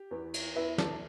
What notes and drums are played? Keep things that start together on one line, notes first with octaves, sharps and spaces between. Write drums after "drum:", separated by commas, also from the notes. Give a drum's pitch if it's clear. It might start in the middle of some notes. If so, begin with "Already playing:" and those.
Already playing: G4
E2 E3 B3
drum: cymbal
E2 E3 B3 B4 E5
A4 D5, drum: snare